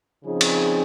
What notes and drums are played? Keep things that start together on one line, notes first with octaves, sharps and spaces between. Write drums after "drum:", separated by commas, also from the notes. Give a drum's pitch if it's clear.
C#3 F3 C4 D#4 G#4
drum: cymbal